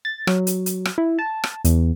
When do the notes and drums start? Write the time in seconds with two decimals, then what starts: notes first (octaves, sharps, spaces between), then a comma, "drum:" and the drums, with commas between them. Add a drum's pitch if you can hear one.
0.05 A6
0.27 F#3, drum: rim click
0.47 drum: hi-hat
0.66 drum: hi-hat
0.85 drum: rim click
0.98 E4
1.19 A5
1.44 drum: rim click
1.65 E2, drum: hi-hat